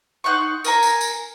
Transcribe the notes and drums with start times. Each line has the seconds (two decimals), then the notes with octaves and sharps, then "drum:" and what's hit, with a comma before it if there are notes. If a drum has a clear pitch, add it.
0.24 D#4 F#5 C6 C#6
0.64 A#4 G#5 A#5, drum: tambourine
0.83 drum: tambourine
1.01 drum: tambourine